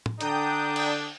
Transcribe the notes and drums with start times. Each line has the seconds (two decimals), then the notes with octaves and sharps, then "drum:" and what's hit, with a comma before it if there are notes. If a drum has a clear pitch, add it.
0.06 drum: tom
0.21 D3 D4 G5 A#5 D#6 G6, drum: hi-hat
0.76 drum: cymbal